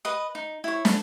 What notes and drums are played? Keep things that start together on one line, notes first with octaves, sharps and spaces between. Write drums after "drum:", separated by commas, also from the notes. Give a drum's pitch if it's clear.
B4 D#5 D#6
D#4
E4 C#5
A4, drum: snare